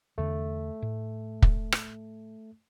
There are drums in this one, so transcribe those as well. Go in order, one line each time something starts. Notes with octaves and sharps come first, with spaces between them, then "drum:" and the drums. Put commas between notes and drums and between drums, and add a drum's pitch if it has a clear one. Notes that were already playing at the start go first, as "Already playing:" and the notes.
E2 D3 A3
A2
drum: kick
drum: rim click